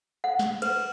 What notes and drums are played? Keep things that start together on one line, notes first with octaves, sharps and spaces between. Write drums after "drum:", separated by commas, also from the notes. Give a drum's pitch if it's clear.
F#5
drum: snare
B4, drum: cymbal